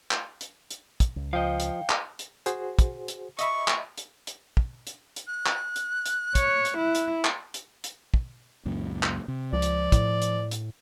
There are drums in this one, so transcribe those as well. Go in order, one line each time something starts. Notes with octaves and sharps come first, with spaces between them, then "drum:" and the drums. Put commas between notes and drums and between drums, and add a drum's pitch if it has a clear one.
drum: clap
drum: hi-hat
drum: hi-hat
drum: kick, hi-hat
C#2
F3 D#5 F5 G5
drum: hi-hat
drum: clap
drum: hi-hat
F#4 G#4 C5, drum: hi-hat
drum: kick, hi-hat
drum: hi-hat
D#5 E5 B5 C#6, drum: hi-hat
drum: clap
drum: hi-hat
drum: hi-hat
drum: kick
drum: hi-hat
drum: hi-hat
F#6
drum: clap
drum: hi-hat
drum: hi-hat
C#5, drum: kick, hi-hat
drum: hi-hat
E4
drum: hi-hat
drum: clap
drum: hi-hat
drum: hi-hat
drum: kick
C#2 F#2 A#2
drum: clap
C3
C#2 F3 D5
drum: hi-hat
A2, drum: kick, hi-hat
drum: hi-hat
drum: hi-hat